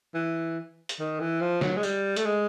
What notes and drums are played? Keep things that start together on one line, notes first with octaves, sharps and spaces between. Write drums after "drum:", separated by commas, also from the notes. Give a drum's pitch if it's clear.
E3
drum: hi-hat
D#3
E3
F3
F#3, drum: snare
G#3
G3, drum: tambourine
A3, drum: hi-hat
G#3